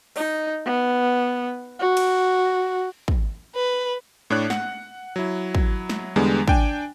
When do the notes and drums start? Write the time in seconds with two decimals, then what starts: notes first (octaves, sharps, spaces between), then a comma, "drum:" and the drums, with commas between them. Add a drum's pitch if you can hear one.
0.16 D#4, drum: open hi-hat
0.65 B3
1.79 F#4
1.97 drum: cymbal
3.08 drum: kick
3.56 B4
4.30 A2 D4 C#5 F#6
4.50 F#5, drum: snare
5.16 F#3 E4
5.55 drum: kick
5.89 drum: snare
6.16 E2 D3 G3 G#3 B3
6.48 D4 G5 G#5, drum: kick